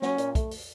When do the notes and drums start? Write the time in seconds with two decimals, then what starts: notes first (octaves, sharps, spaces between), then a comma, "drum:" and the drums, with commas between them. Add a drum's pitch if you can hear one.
0.02 F#3 C#4, drum: snare
0.18 A#2, drum: hi-hat
0.35 A3, drum: kick, hi-hat
0.51 drum: open hi-hat